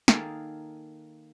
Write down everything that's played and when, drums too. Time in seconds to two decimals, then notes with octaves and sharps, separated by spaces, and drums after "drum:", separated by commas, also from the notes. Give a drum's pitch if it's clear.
0.08 D#3 A#3 G#4 A4, drum: snare